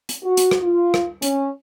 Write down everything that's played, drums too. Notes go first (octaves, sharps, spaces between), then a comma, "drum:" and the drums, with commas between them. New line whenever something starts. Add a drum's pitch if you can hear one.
drum: hi-hat
F#4
drum: hi-hat
drum: rim click
F4
drum: rim click
C#4, drum: hi-hat